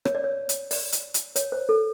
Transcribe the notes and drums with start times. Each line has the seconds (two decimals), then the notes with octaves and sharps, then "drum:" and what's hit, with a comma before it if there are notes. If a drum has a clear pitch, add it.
0.05 C#5, drum: rim click
0.15 D5
0.24 C#5
0.49 drum: hi-hat
0.71 D5, drum: open hi-hat
0.92 drum: hi-hat
1.14 drum: hi-hat
1.36 C#5, drum: hi-hat
1.52 C5
1.69 A4